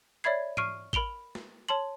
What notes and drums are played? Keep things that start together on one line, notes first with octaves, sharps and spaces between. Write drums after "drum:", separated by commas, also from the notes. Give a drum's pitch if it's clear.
C#5 D5 E5 B5 G#6 C7
C#6 F6 C7 D7 D#7, drum: tom
A#4 B5 D7 F7 G7, drum: kick G#1
drum: snare
C#5 A5 C6 F#7